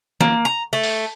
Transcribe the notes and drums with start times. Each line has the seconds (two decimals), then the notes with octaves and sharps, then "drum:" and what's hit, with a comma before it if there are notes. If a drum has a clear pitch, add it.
0.21 A#3, drum: snare
0.45 A#5
0.73 A3
0.84 drum: open hi-hat